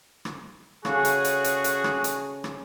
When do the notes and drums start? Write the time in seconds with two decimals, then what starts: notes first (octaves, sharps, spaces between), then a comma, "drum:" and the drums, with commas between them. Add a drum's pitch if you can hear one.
0.25 drum: rim click
0.85 C#3 F#4 G#4 A4, drum: rim click
1.05 drum: hi-hat
1.25 drum: hi-hat
1.44 drum: hi-hat
1.64 drum: hi-hat
1.84 drum: rim click
2.04 drum: hi-hat
2.44 drum: rim click